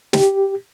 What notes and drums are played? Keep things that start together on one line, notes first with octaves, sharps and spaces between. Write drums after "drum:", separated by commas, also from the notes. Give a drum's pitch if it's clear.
G4, drum: snare